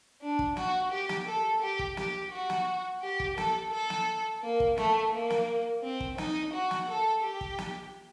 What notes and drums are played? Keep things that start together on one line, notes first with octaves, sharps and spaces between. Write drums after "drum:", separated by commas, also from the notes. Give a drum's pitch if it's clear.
D4
drum: kick
F#4, drum: snare
G4
drum: snare
A4
G4
drum: kick
G4, drum: snare
F#4
drum: snare
G4
drum: kick
A4, drum: snare
A4
drum: snare
A#3
drum: kick
A3, drum: snare
A#3
drum: snare
C4
drum: kick
D#4, drum: snare
F#4
drum: snare
A4
G4
drum: kick
drum: snare